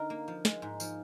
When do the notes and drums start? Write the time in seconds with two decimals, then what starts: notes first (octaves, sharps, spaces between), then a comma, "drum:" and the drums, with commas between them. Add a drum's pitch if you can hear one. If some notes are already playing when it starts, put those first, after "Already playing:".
Already playing: D3 D#4 A#4
0.10 A#3
0.28 F3
0.45 G#3, drum: snare
0.62 G#2
0.80 F3, drum: tambourine